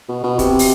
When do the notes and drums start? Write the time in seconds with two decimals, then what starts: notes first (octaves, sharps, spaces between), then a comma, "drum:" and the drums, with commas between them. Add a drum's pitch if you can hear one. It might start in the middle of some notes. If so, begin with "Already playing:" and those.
0.09 B2
0.24 B2
0.39 C3, drum: kick, hi-hat
0.59 drum: open hi-hat